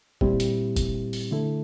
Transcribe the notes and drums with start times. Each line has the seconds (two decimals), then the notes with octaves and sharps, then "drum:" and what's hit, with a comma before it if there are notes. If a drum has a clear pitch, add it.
0.21 A#2 G3 C4 E4 G4, drum: kick F1
0.40 drum: hi-hat
0.76 drum: kick F1, hi-hat
1.13 drum: open hi-hat
1.31 D3 A3 E4 A4